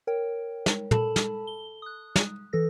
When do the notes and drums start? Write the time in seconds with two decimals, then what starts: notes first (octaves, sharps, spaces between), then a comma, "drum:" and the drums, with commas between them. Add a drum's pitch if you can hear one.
0.07 A#4 C#5 G5
0.66 drum: snare
0.91 A4 A5 B5, drum: tom
1.16 drum: snare
1.47 G7
1.82 D#6 F#6
2.16 drum: snare
2.53 E3 A4 A#6